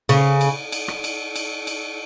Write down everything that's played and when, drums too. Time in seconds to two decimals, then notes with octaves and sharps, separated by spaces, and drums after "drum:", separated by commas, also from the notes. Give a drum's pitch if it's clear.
0.09 C#3, drum: cymbal
0.41 drum: cymbal
0.72 drum: cymbal
0.88 drum: rim click
1.04 drum: cymbal
1.36 drum: cymbal
1.67 drum: cymbal